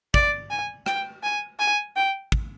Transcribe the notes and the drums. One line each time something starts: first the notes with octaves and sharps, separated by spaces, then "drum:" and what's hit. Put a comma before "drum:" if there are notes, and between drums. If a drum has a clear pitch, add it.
D5, drum: kick
G#5
G5, drum: rim click
G#5
G#5
G5
drum: kick